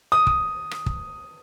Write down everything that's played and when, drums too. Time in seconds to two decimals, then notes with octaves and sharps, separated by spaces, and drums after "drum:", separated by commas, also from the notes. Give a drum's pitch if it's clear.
0.12 D#6
0.27 drum: kick
0.71 drum: rim click
0.86 drum: kick